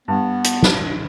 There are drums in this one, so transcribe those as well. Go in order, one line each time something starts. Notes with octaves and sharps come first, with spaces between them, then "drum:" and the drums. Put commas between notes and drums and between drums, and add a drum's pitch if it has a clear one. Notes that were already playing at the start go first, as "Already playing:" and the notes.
G2 B3
drum: hi-hat
drum: snare